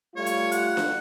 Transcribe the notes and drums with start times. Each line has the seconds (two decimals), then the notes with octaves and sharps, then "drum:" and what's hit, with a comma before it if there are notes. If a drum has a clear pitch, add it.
0.16 G3 A3 F4 C#5
0.26 drum: hi-hat
0.52 F#5, drum: hi-hat
0.77 drum: snare D4